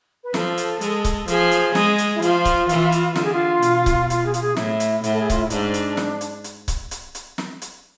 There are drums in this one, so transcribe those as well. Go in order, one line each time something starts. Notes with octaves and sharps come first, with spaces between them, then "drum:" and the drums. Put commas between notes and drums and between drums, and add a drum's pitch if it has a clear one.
B4
F3 A4, drum: snare
drum: hi-hat
G#3, drum: hi-hat
drum: kick C#1, hi-hat
F3 G#4, drum: hi-hat
drum: hi-hat
G#3, drum: snare
drum: hi-hat
E4
F3 F4, drum: hi-hat
drum: kick C#1, hi-hat
E3, drum: hi-hat
drum: hi-hat
D3 F4, drum: snare
G#4
F4
B2, drum: hi-hat
drum: kick C#1, hi-hat
F4, drum: hi-hat
G#4
F4, drum: hi-hat
G#4
A2 E4, drum: snare
drum: hi-hat
A2, drum: hi-hat
A4
G#4
F4, drum: kick C#1, hi-hat
E4
G#2 D4, drum: hi-hat
drum: hi-hat
drum: snare
drum: hi-hat
drum: hi-hat
drum: kick C#1, hi-hat
drum: hi-hat
drum: hi-hat
drum: snare
drum: hi-hat